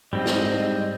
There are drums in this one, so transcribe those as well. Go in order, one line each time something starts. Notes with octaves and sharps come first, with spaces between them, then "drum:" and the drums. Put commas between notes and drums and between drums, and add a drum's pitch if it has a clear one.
G#2 G3 C4 D#5
drum: snare